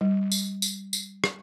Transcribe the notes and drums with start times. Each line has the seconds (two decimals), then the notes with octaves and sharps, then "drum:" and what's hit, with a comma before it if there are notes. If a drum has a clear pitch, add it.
0.01 G3
0.32 drum: tambourine
0.62 drum: tambourine
0.93 drum: tambourine
1.24 drum: rim click